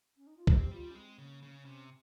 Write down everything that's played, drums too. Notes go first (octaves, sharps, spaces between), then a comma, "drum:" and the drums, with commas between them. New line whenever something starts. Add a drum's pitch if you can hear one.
C#4
D#4
F4
C4 G4, drum: kick C2
G3 F4
C#4
G#3 C4
C#3 A#3
C#3
C#4
C3